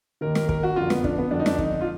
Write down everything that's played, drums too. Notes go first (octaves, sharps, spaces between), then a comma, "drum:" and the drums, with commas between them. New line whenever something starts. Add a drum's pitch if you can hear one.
D#2 D#3 A#4
A#4, drum: snare
A#4, drum: kick
F#4
F2 D3 F4
B3, drum: snare
D4, drum: kick
B3
F2 D3 D4
D#4
D4, drum: snare
D#4, drum: kick
F4